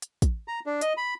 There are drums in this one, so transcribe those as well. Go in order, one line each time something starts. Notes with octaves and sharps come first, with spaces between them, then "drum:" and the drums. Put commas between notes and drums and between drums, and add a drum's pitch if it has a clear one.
drum: hi-hat
drum: kick, hi-hat
A#5
D4
D#5, drum: hi-hat
B5